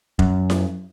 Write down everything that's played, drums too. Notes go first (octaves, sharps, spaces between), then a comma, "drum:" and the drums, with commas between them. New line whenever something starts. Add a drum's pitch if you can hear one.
F#2, drum: kick F1
drum: snare E4